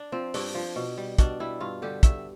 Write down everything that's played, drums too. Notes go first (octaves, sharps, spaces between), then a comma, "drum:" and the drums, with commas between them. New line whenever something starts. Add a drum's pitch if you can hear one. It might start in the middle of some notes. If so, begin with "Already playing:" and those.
Already playing: D4
F3 C4
G2 D4, drum: open hi-hat
F3
B2
G3
B2 D4, drum: kick, hi-hat
G3 E4
G2 F4
D3 G3 G4
G2 E5, drum: kick, hi-hat